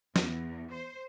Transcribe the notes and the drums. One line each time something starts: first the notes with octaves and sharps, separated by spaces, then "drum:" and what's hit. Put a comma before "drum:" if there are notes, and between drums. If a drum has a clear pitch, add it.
E2, drum: snare
C5